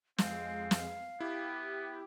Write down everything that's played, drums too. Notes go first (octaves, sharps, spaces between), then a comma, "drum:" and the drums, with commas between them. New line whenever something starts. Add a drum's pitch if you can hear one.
F2 G#3 C4 F5, drum: snare
drum: snare
B3 E4 G4